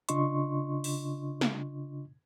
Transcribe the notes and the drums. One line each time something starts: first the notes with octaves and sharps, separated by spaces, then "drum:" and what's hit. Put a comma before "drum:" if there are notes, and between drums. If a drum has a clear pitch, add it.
C#3 D4 F4 D#5 C6 C#6, drum: hi-hat
drum: open hi-hat
drum: snare